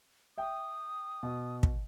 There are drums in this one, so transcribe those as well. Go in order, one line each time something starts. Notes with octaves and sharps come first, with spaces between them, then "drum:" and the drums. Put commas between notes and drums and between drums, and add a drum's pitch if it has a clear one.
E5 G5 D#6
B2
drum: kick